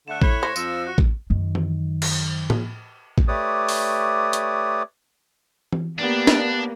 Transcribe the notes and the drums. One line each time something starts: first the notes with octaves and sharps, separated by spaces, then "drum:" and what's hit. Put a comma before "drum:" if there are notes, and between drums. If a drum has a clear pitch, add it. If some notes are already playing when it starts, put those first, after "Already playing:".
D3 A3 F#5 F#6 E7
A2 C#5 B5, drum: kick A1
C5 A#6 C#7 E7
F2 F3 E6, drum: tambourine
F#4 F#6
drum: kick A1
F#2 D#3
drum: tom E3
drum: cymbal
drum: tom
drum: kick A1
A3 G4 B4 C#5 D5 D#6
drum: open hi-hat
drum: hi-hat
drum: tom E3
A#3 B3 D4 G4 D5
drum: snare